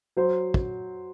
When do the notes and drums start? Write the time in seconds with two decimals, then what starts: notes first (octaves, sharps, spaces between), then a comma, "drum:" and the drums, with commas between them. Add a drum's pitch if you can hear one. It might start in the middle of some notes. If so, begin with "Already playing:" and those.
0.17 F#3 C5
0.54 drum: kick